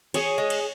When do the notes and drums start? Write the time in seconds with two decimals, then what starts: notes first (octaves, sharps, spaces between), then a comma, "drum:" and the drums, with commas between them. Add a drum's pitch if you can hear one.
0.14 G#4 C#5, drum: cymbal
0.38 G#3
0.50 drum: cymbal